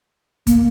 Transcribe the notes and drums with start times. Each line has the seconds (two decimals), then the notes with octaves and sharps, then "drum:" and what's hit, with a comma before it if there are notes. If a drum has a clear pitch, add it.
0.47 A#3, drum: kick G1, hi-hat